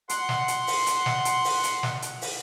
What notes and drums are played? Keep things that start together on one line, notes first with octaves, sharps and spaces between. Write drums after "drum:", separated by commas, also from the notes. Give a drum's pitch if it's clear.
F#5 C6, drum: hi-hat
drum: snare
drum: hi-hat
drum: open hi-hat
drum: hi-hat
drum: snare
drum: hi-hat
drum: open hi-hat
drum: hi-hat
drum: snare
drum: hi-hat
drum: open hi-hat